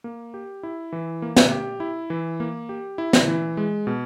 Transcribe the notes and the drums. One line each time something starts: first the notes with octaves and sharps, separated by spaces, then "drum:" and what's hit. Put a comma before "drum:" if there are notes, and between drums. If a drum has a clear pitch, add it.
A#3
G4
E4
E3
A#3
drum: snare
G4
E4
E3
A#3
G4
E4
drum: snare
E3
G#3
B2